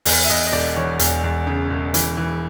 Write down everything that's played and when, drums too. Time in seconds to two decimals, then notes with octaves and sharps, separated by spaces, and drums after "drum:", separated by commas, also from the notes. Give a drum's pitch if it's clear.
0.05 E2, drum: open hi-hat
0.24 E5
0.29 E2 D#5
0.47 D#5
0.52 E1 D5
0.76 E3 C#5
0.99 E2, drum: hi-hat
1.24 E2
1.47 C#3
1.70 E1
1.94 E3, drum: hi-hat
2.17 E3